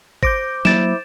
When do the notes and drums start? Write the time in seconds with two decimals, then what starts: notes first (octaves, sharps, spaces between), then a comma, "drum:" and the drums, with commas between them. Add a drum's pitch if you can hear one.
0.23 C5 D6 G6 A#6 D7, drum: kick G#1
0.65 F#3 A#3 E4 A6 D7 E7, drum: snare